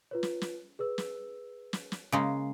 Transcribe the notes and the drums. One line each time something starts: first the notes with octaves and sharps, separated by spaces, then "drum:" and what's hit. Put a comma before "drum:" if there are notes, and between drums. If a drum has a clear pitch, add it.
F4 B4 C#5
drum: snare
drum: snare
G#4 B4 E6
drum: snare
drum: snare
drum: snare
C#3 G#3 A#3 C7